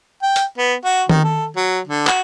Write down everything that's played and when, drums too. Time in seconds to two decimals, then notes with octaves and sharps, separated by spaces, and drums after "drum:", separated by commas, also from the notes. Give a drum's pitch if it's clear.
0.23 G5
0.36 drum: hi-hat
0.58 B3
0.85 F#4
1.09 D#3, drum: tom D#3
1.24 A4
1.56 F#3
1.87 D3
2.07 F#4, drum: clap